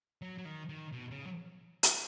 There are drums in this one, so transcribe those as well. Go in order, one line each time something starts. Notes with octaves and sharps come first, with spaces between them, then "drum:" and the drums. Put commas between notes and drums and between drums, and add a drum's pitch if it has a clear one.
F#3
F#3
D#3
D#3
B2
C#3
F#3
drum: hi-hat